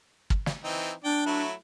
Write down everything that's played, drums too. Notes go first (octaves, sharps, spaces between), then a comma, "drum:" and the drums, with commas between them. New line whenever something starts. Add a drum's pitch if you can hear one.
drum: kick
drum: snare
E3 C4 D#4
D4 D5 G5
F#3 A3 E4